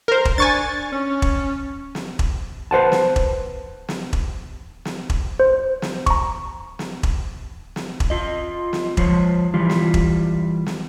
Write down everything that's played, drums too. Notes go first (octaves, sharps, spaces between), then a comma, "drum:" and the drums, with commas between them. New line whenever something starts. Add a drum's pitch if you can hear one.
A#4 C5
drum: kick E1
D4 G#5 C#6 A6
C#4
drum: kick E1
drum: snare
drum: kick E1
B4 C5 F#5 A5
drum: snare
drum: kick E1
drum: snare
drum: kick E1
drum: snare
drum: kick E1
C5
drum: snare
A#5 C#6, drum: kick E1
drum: snare
drum: kick E1
drum: snare
drum: kick E1
F4 D#5
drum: snare
F3 C5 C#5, drum: kick E1
E3 G3 F4
drum: snare
drum: kick E1
drum: snare